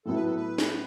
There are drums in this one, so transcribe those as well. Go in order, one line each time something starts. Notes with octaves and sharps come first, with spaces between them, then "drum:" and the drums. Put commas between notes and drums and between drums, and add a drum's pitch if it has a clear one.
A2 F#3 B3 E4 A4
B4
A4
B4
drum: snare